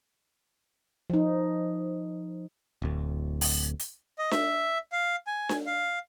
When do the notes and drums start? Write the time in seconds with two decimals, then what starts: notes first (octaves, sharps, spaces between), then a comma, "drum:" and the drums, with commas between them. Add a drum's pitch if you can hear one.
1.10 F3 D#4
2.82 D1 D2
3.41 drum: open hi-hat
3.79 drum: hi-hat
4.18 D#5
4.31 E5, drum: snare D4
4.92 F5
5.27 G#5
5.49 drum: snare D4
5.66 F5